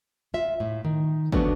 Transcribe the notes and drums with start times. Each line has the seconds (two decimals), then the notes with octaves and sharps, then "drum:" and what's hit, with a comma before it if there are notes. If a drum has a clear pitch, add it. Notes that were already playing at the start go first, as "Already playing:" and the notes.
0.34 F4 E5
0.60 A2
0.85 D#3
1.32 F3 F#3 A3 B3 D4 F#4, drum: kick